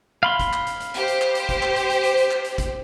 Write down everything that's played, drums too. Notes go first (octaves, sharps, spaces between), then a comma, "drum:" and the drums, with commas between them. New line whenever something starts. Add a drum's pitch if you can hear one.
F5 B5 C6
drum: kick, hi-hat
drum: clap
drum: hi-hat
drum: hi-hat
G4 C5, drum: hi-hat
drum: hi-hat
drum: clap
drum: hi-hat
drum: kick, hi-hat
drum: clap
drum: hi-hat
drum: hi-hat
drum: hi-hat
drum: hi-hat
drum: clap
drum: hi-hat
drum: kick, hi-hat